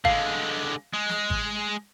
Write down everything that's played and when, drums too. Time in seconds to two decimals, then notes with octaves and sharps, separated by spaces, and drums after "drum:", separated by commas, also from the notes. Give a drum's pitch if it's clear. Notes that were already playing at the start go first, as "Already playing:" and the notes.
0.05 D3 G#3 F5, drum: kick G#1
0.94 G#3
1.09 drum: snare
1.30 drum: kick G#1